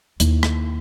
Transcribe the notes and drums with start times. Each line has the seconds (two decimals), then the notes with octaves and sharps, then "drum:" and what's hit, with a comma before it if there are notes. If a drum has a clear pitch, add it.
0.20 D#2 E4, drum: hi-hat
0.43 drum: rim click